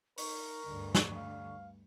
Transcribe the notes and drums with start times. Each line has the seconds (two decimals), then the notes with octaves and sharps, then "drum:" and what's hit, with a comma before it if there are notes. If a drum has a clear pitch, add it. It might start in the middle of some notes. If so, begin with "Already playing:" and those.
0.18 D#4 A#4 C#6, drum: open hi-hat
0.66 D2 G2 D3
0.95 drum: snare
1.16 F5